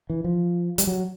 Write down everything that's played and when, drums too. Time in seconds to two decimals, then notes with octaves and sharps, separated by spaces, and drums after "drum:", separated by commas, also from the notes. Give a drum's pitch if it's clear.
0.10 E3
0.24 F3
0.78 G3, drum: hi-hat
0.87 F#3